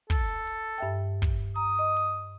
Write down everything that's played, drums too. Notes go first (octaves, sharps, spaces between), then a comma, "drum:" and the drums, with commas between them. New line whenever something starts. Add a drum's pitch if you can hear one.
A4, drum: kick, hi-hat
drum: open hi-hat
G2 E5 G5
drum: kick, hi-hat
A#5 D#6
D#5
drum: open hi-hat